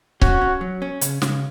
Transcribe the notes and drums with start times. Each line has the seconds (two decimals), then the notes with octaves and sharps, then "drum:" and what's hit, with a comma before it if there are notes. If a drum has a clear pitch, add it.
0.22 C#4 F#4, drum: kick C#1
0.41 C#4
0.61 F#3
0.82 C#4
1.01 C#3, drum: hi-hat
1.22 C#3, drum: snare